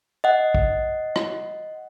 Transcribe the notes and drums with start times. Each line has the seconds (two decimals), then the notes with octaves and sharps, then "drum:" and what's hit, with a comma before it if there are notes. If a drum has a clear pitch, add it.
0.24 D#5 F#5
0.55 drum: kick
1.16 drum: rim click